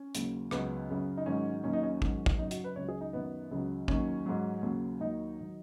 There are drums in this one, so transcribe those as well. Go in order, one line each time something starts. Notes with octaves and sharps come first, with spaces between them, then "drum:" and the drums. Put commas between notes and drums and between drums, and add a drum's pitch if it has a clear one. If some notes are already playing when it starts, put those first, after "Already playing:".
Already playing: C#4
D#2 C#3 F#3, drum: hi-hat
C#2 C#3 F#3 B3, drum: rim click
F#2 C#3 F#3
D#4
G#2 D#3 F#3 C#4
D#2 D#3 F#3 C#4
D#4
C#4
G#2 D#3 F#3, drum: kick
drum: kick
F#2 C#3 F#3 D#4
F#4, drum: hi-hat
B4
C#2 C#3 F#3 C#5
G#4
D#4
F#2 D#3 F#3 B3
C#2 C#3 F#3
D#2 D#3 F#3 C#4, drum: kick
G#2 F#3
D#2 C#3 F#3
D#2 D#3 F#3 D#4
D#3 F#3